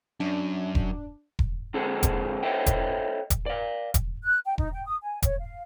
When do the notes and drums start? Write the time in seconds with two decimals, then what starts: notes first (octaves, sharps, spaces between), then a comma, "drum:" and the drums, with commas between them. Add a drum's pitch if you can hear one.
0.20 F#2 D4
0.75 drum: kick E1
1.39 drum: kick E1
1.74 D3 G#3 C4 G#4 A4
2.03 drum: kick E1, hi-hat
2.43 A4 C5 C#5 D#5 E5 G5
2.66 drum: kick E1, hi-hat
3.30 drum: kick E1, hi-hat
3.46 D5 F5
3.94 drum: kick E1, hi-hat
4.24 F#6
4.46 G5
4.58 D#4, drum: kick E1
4.73 G5
4.86 D#6
5.03 G#5
5.22 C#5, drum: kick E1, hi-hat
5.40 F5